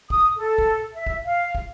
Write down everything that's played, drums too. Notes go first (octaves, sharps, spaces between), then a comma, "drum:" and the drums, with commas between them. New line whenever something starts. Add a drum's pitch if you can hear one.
D#6, drum: kick
A4
drum: kick
E5
drum: kick
F5
drum: kick